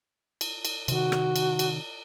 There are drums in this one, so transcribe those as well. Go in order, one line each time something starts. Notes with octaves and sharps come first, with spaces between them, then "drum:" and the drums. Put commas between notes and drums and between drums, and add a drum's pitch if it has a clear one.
drum: cymbal
drum: cymbal
C3 D#3 F#4, drum: cymbal
drum: rim click
drum: cymbal
drum: cymbal